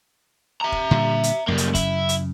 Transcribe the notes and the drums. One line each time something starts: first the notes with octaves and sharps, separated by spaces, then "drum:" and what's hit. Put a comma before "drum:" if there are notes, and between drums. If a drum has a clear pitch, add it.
E5 A#5
drum: kick
A#2 D3 G3
drum: hi-hat
F#2 C#3 G3 A#3
drum: hi-hat
E4, drum: kick, hi-hat
drum: hi-hat